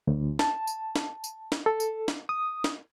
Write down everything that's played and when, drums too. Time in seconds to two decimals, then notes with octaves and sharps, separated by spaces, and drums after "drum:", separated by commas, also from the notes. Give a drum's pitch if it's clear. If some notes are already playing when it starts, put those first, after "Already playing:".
0.07 D2
0.39 A5, drum: snare
0.67 drum: tambourine
0.96 drum: snare
1.24 drum: tambourine
1.52 drum: snare
1.66 A4
1.80 drum: tambourine
2.08 drum: snare
2.29 D#6
2.64 drum: snare